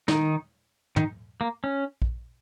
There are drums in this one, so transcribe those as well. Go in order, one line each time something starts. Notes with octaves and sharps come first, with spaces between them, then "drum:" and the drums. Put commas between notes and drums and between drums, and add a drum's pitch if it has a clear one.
D#3 D#4, drum: snare
D#3 D#4, drum: tom
A#3
C#4
drum: kick A#1